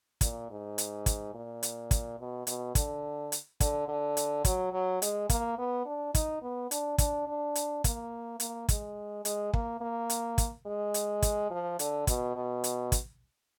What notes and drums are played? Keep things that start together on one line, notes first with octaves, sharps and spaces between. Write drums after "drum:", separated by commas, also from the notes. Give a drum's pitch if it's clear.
A#2, drum: kick, hi-hat
G#2
drum: hi-hat
drum: kick, hi-hat
A#2
drum: hi-hat
drum: kick, hi-hat
B2
B2, drum: hi-hat
D3, drum: kick, hi-hat
drum: hi-hat
D3, drum: kick, hi-hat
D3
drum: hi-hat
F#3, drum: kick, hi-hat
F#3
G#3, drum: hi-hat
A#3, drum: kick, hi-hat
B3
D4
D#4, drum: kick, hi-hat
B3
D4, drum: hi-hat
D4, drum: kick, hi-hat
D4
drum: hi-hat
A#3, drum: kick, hi-hat
A#3, drum: hi-hat
G#3, drum: kick, hi-hat
G#3, drum: hi-hat
A#3, drum: kick
A#3
drum: hi-hat
drum: kick, hi-hat
G#3
drum: hi-hat
drum: kick, hi-hat
F3
D3, drum: hi-hat
B2, drum: kick, hi-hat
B2
drum: hi-hat
drum: kick, hi-hat